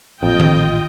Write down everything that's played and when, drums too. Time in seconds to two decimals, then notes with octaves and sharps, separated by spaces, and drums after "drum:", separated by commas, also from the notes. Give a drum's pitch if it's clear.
0.22 A1 F2 A#2 F4 D#5 G5
0.40 drum: tom D#3